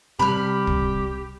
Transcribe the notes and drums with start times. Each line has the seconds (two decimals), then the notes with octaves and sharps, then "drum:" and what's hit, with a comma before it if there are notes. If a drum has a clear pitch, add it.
0.19 C3 G3 G4 B5 F6
0.67 drum: kick